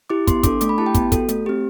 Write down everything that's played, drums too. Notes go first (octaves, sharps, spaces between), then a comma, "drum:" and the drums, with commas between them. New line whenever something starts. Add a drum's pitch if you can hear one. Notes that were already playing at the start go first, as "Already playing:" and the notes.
E4 G4 D6
B3 C6, drum: kick, hi-hat
D4 A4 D6, drum: kick, hi-hat
A3 D6, drum: hi-hat
B5
E4 G4 A5
G5
B3, drum: kick, hi-hat
F#4 A4, drum: kick, hi-hat
A3, drum: hi-hat
C4 G4